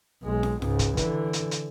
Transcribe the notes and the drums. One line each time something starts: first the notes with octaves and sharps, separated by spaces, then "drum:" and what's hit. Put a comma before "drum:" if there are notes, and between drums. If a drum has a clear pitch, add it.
B1 G#3
drum: snare
C#2 G#2, drum: snare
drum: kick, hi-hat
D3 E3, drum: kick, hi-hat
drum: hi-hat
drum: hi-hat